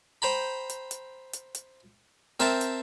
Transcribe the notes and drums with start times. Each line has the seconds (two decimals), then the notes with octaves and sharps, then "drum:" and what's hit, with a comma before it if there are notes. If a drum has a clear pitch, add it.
0.22 C5 G5 A#5 B5
0.70 drum: hi-hat
0.91 drum: hi-hat
1.33 drum: hi-hat
1.55 drum: hi-hat
2.40 C4 A#4 C5 E5 G5 A5, drum: hi-hat
2.61 drum: hi-hat